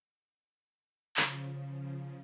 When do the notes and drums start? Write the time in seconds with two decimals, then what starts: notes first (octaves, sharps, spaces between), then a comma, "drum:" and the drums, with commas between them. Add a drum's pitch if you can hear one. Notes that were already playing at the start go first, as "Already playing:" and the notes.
1.17 C#3 F3, drum: clap